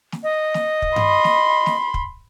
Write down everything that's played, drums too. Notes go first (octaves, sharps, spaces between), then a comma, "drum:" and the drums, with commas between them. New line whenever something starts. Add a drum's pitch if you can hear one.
drum: snare
D#5
drum: snare
drum: kick
B5 C6, drum: tom G2
drum: snare
drum: snare
drum: kick